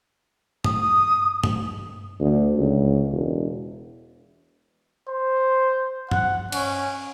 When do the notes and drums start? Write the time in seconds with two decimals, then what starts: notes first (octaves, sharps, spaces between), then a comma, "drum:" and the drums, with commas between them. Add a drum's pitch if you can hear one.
0.64 D#6, drum: tom G2
1.44 drum: tom G2
2.20 D2
2.57 C#2
3.11 E1
5.08 C5
6.11 F#5, drum: tom G2
6.52 C#4, drum: cymbal